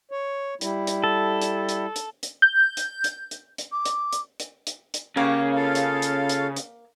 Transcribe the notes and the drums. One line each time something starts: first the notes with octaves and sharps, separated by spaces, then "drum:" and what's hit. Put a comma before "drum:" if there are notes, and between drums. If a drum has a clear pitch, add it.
C#5
G3 E4, drum: hi-hat
drum: hi-hat
A4
drum: hi-hat
drum: hi-hat
drum: hi-hat
drum: hi-hat
G6
drum: hi-hat
drum: hi-hat
drum: hi-hat
drum: hi-hat
D6
drum: hi-hat
drum: hi-hat
drum: hi-hat
drum: hi-hat
drum: hi-hat
C#3 A#3 G4 C#5
F4 A4 F5
drum: hi-hat
drum: hi-hat
drum: hi-hat
drum: hi-hat